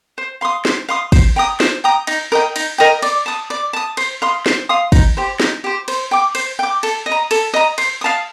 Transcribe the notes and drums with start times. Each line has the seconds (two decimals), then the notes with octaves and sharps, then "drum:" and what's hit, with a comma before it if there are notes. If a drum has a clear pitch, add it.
0.18 C5
0.41 F5 C6 D#6
0.65 C5, drum: snare
0.89 F5 C6 D#6
1.12 C5, drum: kick, cymbal
1.36 G5 A#5 D#6
1.60 C5, drum: snare
1.84 G5 A#5 D#6
2.07 D#4, drum: cymbal
2.32 A#4 D#5 G5
2.56 D#4, drum: cymbal
2.78 A#4 D#5 G5
3.02 D5, drum: cymbal
3.26 A5 D#6
3.50 D5
3.73 A5 D#6
3.97 C5, drum: cymbal
4.22 F5 C6 D#6
4.46 C5, drum: snare
4.69 F5 C6 D#6
4.92 D#4, drum: kick, cymbal
5.17 G4 C5
5.40 D#4, drum: snare
5.64 G4 C5
5.88 C5, drum: cymbal
6.11 G5 D6
6.35 C5, drum: cymbal
6.59 G5 D6
6.83 A4, drum: cymbal
7.06 D#5
7.11 A#5
7.31 A4, drum: cymbal
7.54 D#5 A#5
7.78 C5, drum: cymbal
8.01 F5 A5 D#6